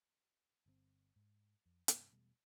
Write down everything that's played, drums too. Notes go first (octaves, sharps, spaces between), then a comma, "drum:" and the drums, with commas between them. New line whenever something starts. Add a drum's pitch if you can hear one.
G1 D3 C4
G#2
F2
G2 C3, drum: hi-hat
E1 B2 G3 A3